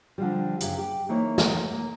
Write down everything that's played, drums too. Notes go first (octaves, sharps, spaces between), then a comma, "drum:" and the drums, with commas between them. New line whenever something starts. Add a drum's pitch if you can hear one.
D3 F3 G3
F#2 C#3 G4, drum: hi-hat
G4
E3 A#3 D#4 E4 C#5
drum: snare
A#3